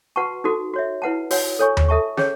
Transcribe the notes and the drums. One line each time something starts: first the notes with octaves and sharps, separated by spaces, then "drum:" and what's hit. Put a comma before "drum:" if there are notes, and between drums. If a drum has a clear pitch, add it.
F#4 B4 F#5 A5 C#6
D#4 F#4 A4
F#4 C#5 E5
E4 B4 F#5 A5
F#4 C#5 F#5, drum: open hi-hat
A4 C#5 G#5 C#6
drum: tom D#2
A4 E5 A5 C#6
C#4 G#4 C#5, drum: snare